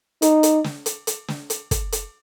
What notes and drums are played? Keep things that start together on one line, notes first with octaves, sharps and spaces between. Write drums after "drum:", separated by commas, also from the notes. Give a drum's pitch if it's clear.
D#4, drum: hi-hat
drum: hi-hat
drum: snare
drum: hi-hat
drum: hi-hat
drum: snare
drum: hi-hat
drum: kick, hi-hat
drum: hi-hat